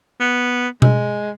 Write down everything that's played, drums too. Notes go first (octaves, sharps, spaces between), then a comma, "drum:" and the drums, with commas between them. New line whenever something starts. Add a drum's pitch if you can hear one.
B3
G#3, drum: tom B2